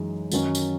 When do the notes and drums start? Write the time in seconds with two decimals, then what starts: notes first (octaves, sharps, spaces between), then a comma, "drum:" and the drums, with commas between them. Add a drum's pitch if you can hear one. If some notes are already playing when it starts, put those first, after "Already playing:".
Already playing: F#2 E3 G#3 D#4
0.31 F#2 D#3 F#3 C#4, drum: tambourine
0.55 drum: tambourine